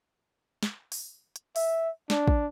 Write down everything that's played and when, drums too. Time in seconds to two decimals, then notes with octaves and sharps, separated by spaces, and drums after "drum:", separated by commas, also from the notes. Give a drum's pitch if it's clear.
0.63 drum: snare
0.92 drum: open hi-hat
1.36 drum: hi-hat
1.56 E5, drum: open hi-hat
2.10 D4, drum: snare
2.27 drum: kick